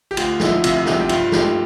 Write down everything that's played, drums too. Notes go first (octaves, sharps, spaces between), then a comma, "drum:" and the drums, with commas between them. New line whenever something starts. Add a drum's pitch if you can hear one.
G4
D2 F4, drum: cymbal
F3 E4, drum: snare
C3 F4, drum: cymbal
D2 G4, drum: snare
G4
G2 F4, drum: cymbal
A3 G4, drum: snare